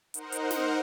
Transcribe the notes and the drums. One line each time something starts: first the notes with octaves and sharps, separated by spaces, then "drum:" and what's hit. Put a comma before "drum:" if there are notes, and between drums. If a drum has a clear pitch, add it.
D#4 A#4 C5 F#5, drum: hi-hat
drum: hi-hat
drum: snare